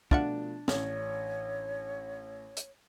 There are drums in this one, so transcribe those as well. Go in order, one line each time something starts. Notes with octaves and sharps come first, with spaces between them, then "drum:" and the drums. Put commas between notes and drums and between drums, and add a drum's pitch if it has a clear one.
B2 F3 A3 D4 F4 E5 F#5, drum: kick
A1 C#4 C#5, drum: snare
drum: hi-hat